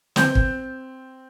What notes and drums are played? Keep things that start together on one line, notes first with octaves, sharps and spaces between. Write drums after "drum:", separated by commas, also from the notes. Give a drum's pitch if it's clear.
C4 G6, drum: snare
drum: kick